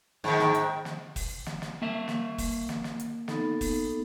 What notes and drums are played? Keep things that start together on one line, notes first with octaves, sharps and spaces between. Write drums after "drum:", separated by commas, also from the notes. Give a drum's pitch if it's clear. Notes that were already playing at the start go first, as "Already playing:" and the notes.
G#2 D#3, drum: snare
drum: snare
drum: hi-hat
drum: snare
drum: kick, open hi-hat
drum: snare
drum: snare
A#3 E5
drum: snare
drum: kick, open hi-hat
drum: snare
drum: snare
drum: hi-hat
B3 D#4 A4, drum: snare
drum: kick, open hi-hat